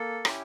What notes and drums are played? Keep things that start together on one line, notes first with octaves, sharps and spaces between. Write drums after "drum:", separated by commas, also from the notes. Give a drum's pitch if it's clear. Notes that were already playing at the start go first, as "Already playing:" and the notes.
Already playing: A#3 A4
C#4 E4 G4, drum: rim click